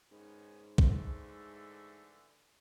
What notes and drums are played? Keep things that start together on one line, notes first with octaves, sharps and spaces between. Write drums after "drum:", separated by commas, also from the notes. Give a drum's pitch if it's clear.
G#2 D#3 B3 C#4
D3 E3 A3, drum: kick